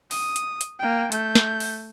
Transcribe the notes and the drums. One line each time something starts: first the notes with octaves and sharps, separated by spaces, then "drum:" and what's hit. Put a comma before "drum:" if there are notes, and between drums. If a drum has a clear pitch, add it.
D#6, drum: open hi-hat
drum: hi-hat
drum: hi-hat
A#3 G5
A3 G6, drum: hi-hat
drum: snare
drum: open hi-hat